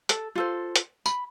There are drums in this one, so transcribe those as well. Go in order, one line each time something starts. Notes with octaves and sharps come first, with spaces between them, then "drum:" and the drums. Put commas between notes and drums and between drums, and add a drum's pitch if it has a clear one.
A4, drum: hi-hat
F4 A4 C5
drum: hi-hat
B5, drum: tambourine